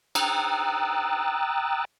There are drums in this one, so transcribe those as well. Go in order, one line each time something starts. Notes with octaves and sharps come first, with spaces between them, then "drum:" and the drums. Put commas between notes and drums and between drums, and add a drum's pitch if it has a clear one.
G5 A#5 D#6 E6 F#6 A6, drum: cymbal